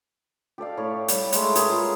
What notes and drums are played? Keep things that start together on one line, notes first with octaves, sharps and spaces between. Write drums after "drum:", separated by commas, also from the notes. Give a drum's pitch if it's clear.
G4 A4 D5 F5
A2 C#5
G3, drum: hi-hat
G#3 A3, drum: hi-hat
G#4 A#4 B4 C#5, drum: hi-hat
F4